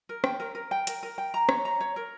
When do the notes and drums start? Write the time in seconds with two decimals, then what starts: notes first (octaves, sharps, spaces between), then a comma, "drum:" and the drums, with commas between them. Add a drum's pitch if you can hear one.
0.09 A#4
0.24 G5, drum: rim click
0.40 A#4
0.55 A#4
0.71 G5
0.87 A#4, drum: hi-hat
1.03 A#4
1.18 G5
1.34 A#5
1.49 C#5, drum: rim click
1.65 A#5
1.81 C#5
1.96 A#4